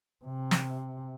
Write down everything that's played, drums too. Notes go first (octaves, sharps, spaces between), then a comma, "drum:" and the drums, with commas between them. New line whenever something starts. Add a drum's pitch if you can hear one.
C3
drum: snare